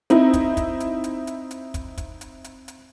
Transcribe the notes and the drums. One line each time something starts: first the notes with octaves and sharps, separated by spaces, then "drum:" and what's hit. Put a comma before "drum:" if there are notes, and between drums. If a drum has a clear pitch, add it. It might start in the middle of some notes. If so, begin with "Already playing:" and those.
C4 D#4 E4, drum: hi-hat
drum: kick, hi-hat
drum: kick, hi-hat
drum: hi-hat
drum: hi-hat
drum: hi-hat
drum: hi-hat
drum: kick, hi-hat
drum: kick, hi-hat
drum: hi-hat
drum: hi-hat
drum: hi-hat